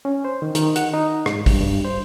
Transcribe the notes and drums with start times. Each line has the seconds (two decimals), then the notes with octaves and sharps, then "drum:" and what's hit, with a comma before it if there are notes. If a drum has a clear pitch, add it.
0.05 C#4
0.25 C5
0.42 D#3
0.55 D#3, drum: hi-hat
0.76 F#5, drum: hi-hat
0.94 D#4
1.26 G#2, drum: rim click
1.46 G2, drum: kick, open hi-hat
1.61 G2
1.85 C5